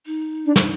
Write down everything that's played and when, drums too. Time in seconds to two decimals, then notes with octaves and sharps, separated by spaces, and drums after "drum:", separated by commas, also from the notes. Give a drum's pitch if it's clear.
0.06 D#4
0.46 D4
0.56 drum: snare